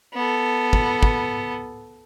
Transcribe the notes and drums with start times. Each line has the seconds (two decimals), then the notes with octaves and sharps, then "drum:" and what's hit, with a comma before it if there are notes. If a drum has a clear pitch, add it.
0.14 B3 A4
0.73 drum: kick
1.03 drum: kick